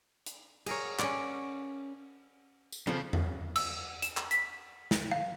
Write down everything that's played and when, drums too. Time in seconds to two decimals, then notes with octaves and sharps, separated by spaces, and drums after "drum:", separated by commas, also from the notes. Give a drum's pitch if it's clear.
0.26 drum: hi-hat
0.66 G#4 A#4 C#5, drum: cymbal
0.99 C#4 D5, drum: clap
2.72 drum: tambourine
2.87 F2 C#3 F3
3.13 drum: tom E2
3.56 E6, drum: cymbal
4.02 E7, drum: hi-hat
4.17 drum: clap
4.31 B6, drum: hi-hat
4.91 drum: snare
5.11 F5